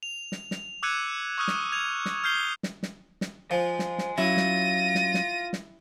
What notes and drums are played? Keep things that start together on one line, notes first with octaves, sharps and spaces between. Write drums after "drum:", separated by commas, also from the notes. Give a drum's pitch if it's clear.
F7
drum: snare
drum: snare
D6 E6 F#6 G#6 C#7 D#7
C#6 D#6 F6 F#6
drum: snare
G#6 F7
drum: snare
F6 G6 C7 G7
drum: snare
drum: snare
drum: snare
F3 D#5 G#5
drum: snare
drum: snare
F#3 C#4 E4 F4 F5 A#6 D#7
drum: snare
drum: snare
drum: snare
drum: snare